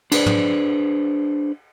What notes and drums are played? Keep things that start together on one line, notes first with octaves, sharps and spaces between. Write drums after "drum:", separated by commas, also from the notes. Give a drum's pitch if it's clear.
D4 G#4 B4 C5 D5, drum: cymbal
drum: tom